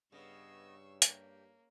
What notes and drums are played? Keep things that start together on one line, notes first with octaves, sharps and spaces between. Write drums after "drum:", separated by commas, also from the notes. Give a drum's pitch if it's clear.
G2 C#3 B3 D#5 C#6 D#6 E6
A#3 G4, drum: hi-hat